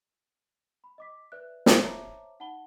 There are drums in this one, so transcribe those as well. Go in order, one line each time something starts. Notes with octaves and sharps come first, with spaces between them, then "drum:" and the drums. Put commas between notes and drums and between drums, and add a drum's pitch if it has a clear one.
B5
D#5 D6 B6
B4 D5 E5 F#6
drum: snare
C5 C#5 E5 A5 A#5 D6
D#4 F#5 A5 B5 G7